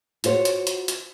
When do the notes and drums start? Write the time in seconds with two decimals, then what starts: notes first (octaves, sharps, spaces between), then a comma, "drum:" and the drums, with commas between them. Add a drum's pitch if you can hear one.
0.24 F4 F#4 C5 C#5, drum: hi-hat
0.45 drum: hi-hat
0.67 drum: hi-hat
0.88 drum: hi-hat